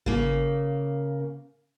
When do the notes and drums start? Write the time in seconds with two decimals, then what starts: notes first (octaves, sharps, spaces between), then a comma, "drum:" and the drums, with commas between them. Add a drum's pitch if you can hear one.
0.06 C#3 A#3, drum: kick G#1